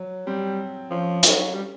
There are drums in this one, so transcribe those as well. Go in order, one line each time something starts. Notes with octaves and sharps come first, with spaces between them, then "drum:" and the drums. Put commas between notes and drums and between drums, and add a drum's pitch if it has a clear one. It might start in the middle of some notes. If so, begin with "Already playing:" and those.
Already playing: F#3
G3 C4
F3 C#4
F#3, drum: hi-hat
G3